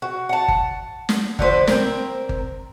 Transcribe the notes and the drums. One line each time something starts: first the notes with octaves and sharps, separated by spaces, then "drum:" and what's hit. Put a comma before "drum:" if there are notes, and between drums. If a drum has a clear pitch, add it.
F#4
F#5 A5
drum: kick G1
drum: snare
D3 F3 B4 C5, drum: kick G1
C4 A#4, drum: snare
drum: kick G1